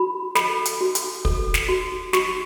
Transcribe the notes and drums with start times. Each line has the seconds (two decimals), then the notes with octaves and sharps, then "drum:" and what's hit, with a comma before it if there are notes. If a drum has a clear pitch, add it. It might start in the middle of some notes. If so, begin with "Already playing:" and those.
Already playing: F#4 B5
0.35 A4 B5, drum: snare
0.65 drum: hi-hat
0.81 F#4
0.95 drum: hi-hat
1.25 A4, drum: kick
1.54 drum: snare
1.69 F#4
2.13 F#4 C#6, drum: snare